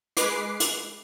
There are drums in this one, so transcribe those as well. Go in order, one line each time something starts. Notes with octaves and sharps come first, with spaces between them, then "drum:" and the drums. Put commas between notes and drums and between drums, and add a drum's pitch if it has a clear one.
G#3 B4 D6 C7, drum: hi-hat
drum: hi-hat